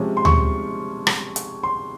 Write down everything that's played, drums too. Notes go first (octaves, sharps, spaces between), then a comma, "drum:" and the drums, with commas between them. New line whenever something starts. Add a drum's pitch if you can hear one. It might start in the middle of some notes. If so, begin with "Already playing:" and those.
Already playing: C3 F3 G#3 C#4
C6
C#6, drum: tom D2
drum: rim click
drum: hi-hat
C6